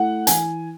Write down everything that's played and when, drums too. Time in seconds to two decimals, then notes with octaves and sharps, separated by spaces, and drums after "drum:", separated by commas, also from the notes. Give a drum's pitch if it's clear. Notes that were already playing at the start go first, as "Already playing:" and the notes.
Already playing: A3 E4 F#5
0.27 E3 G#5, drum: hi-hat